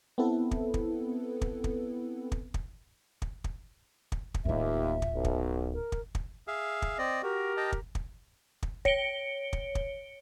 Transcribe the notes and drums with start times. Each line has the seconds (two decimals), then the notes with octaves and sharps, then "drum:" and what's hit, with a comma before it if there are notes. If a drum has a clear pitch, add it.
0.18 B3 C4 E4 A4 B4
0.51 drum: kick
0.74 drum: kick
1.41 drum: kick
1.64 drum: kick
2.32 drum: kick
2.54 drum: kick
3.22 drum: kick
3.44 drum: kick
4.12 drum: kick
4.34 drum: kick
4.45 D1 D#2 F4 E5
5.02 drum: kick
5.15 B1
5.25 drum: kick
5.74 A#4
5.92 drum: kick
6.15 drum: kick
6.47 G#4 E5 F5
6.82 drum: kick
6.98 C4 D5 D#5
7.23 F#4 G4 A#4
7.57 D#5 G5 A5
7.72 drum: kick
7.95 drum: kick
8.63 drum: kick
8.85 C#5 C#7 D7 G7, drum: kick
9.53 drum: kick
9.75 drum: kick